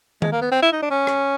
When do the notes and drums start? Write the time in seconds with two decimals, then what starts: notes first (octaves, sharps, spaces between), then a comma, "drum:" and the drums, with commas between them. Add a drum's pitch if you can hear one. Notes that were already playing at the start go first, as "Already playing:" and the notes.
0.22 G#3, drum: tom D#3
0.32 A#3
0.41 B3
0.51 C4
0.62 E4
0.72 D#4
0.82 D4
0.91 C#4
1.07 drum: rim click